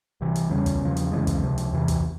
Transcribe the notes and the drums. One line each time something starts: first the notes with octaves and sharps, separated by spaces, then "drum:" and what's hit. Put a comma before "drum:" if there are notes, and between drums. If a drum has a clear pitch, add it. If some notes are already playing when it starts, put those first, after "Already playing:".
C2 C3 E3
drum: hi-hat
E2 C#3 G3 C#4
drum: kick, hi-hat
E2 C#3 F3
drum: hi-hat
F2 C#3 E3 G#3
drum: kick, hi-hat
C#2 C3 F3
drum: hi-hat
E2 C3 E3
drum: kick, hi-hat